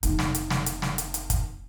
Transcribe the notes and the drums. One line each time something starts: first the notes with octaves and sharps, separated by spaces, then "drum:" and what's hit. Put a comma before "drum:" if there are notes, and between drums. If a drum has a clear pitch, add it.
F1 D#4, drum: hi-hat
drum: snare
drum: hi-hat
drum: snare
drum: hi-hat
drum: snare
drum: hi-hat
drum: hi-hat
drum: kick, hi-hat